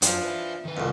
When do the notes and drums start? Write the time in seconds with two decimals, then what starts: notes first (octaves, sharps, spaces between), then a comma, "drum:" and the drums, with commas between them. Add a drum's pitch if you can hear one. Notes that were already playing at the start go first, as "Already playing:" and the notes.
0.02 F#2 F3 D4, drum: hi-hat
0.23 B4 E5
0.65 D#3 B4
0.77 C2 F2